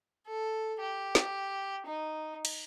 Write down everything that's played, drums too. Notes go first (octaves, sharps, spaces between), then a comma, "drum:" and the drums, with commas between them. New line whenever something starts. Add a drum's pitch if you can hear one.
A4
G4
drum: snare
D#4
drum: cymbal